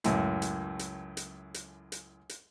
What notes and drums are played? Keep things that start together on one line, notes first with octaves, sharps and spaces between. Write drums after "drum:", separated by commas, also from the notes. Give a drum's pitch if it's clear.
C#2 F#2 A2, drum: hi-hat
drum: hi-hat
drum: hi-hat
drum: hi-hat
drum: hi-hat
drum: hi-hat
drum: hi-hat